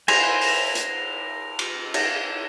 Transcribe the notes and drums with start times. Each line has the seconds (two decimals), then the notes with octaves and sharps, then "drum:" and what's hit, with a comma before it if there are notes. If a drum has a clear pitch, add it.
0.08 B4 C5 G#5 A#6 F7, drum: cymbal
0.41 drum: open hi-hat
0.75 drum: hi-hat
1.59 drum: cymbal
1.94 drum: cymbal